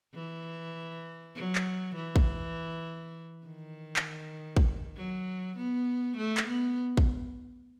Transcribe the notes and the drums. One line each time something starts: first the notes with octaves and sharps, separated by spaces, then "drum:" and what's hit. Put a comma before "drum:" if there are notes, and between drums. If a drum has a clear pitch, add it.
E3
F#3
drum: clap
E3
drum: kick
D#3
drum: clap
drum: kick
F#3
B3
A3
drum: clap
B3
drum: kick